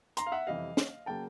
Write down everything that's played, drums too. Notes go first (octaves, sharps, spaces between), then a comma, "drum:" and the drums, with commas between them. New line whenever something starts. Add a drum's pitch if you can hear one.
A#5 C6, drum: hi-hat
F5
E5 F#5
F2 C3 E3 G3 D#5 F5
drum: snare
C#3 F#3 A#3 G5 A5